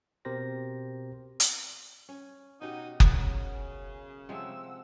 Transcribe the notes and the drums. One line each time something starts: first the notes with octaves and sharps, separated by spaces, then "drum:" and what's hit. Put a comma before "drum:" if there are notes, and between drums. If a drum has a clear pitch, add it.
B2 C4 G4 A#4 C5 A#6
drum: hi-hat
C#4
B2 C#4 D#4 F#4 G4
F#2 C#3 A#4 F#5, drum: kick F#1
G#5
C3 F3 G#3 F#5 E6